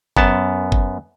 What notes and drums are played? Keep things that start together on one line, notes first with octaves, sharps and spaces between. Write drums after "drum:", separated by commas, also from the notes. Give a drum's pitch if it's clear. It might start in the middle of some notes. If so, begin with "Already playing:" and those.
F#2 B3 A5, drum: kick G1
drum: kick G1